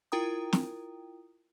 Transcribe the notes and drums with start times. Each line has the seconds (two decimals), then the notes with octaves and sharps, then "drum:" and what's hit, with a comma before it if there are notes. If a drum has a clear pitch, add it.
0.12 E4 F4 A#4 G5 A#5 D#6
0.53 drum: snare